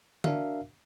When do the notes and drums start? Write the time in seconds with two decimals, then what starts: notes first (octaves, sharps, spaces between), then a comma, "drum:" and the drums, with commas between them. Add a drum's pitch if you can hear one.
0.24 D4 F#4 A#4 E5 F5, drum: tom